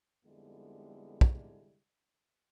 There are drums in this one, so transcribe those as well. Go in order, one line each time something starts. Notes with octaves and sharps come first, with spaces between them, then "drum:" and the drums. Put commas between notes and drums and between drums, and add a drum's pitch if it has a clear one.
F2 D3 G3 G#3 B3 E4
drum: kick